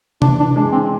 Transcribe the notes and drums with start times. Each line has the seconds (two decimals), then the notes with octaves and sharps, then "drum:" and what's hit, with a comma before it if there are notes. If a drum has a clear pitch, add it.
0.22 E3 D4, drum: tom
0.40 D4
0.56 G#3 D4
0.72 C4